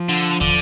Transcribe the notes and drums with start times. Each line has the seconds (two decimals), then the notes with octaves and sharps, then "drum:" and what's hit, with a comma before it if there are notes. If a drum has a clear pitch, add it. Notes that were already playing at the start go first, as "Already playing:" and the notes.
Already playing: F3
0.09 D3
0.41 D3, drum: kick